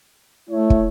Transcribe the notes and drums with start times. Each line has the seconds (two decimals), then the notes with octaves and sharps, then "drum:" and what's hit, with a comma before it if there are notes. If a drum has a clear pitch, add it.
0.50 A3 E4 C#5
0.70 drum: kick